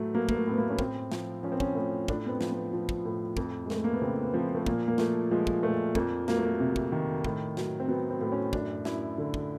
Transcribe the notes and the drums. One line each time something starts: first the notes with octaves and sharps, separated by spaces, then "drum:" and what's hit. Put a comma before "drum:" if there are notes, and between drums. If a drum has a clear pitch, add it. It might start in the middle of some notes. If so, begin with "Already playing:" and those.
Already playing: A2 F#3 A3
F#3 A#3
A#3, drum: kick
A3
A2 B3
A#3
C#4
A2 C4, drum: kick
F3, drum: snare
F3 C#4
C4
C#4, drum: kick
A2
A2 D4, drum: kick
B3
C4
F3, drum: snare
B3
F3
drum: kick
A2
F2, drum: kick
G#3
F2 A3, drum: snare
A#3
B3
C#3 C4
B3
F3 C4
A3
A#2 A#3, drum: kick
A#3
F3 A3, drum: snare
F3 G#3
drum: kick
A#2 A3
F2 A#3, drum: kick
F#3 A#3, drum: snare
A3
A#3
C3
drum: kick
D#3
A2, drum: kick
F#3, drum: snare
C4
F#3 B3
C4
A2
C#4
F#2 D4, drum: kick
F#2 E4, drum: snare
D3
drum: kick